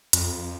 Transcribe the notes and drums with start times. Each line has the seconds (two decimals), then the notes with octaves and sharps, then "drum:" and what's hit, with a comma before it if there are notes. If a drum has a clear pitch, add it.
0.13 F2, drum: hi-hat